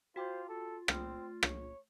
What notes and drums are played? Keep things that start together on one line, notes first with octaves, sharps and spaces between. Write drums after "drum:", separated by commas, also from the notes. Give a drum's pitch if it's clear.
F4 F#4 C5 G5 D6
F4 A4
A3 C4 F6, drum: rim click
C#5, drum: rim click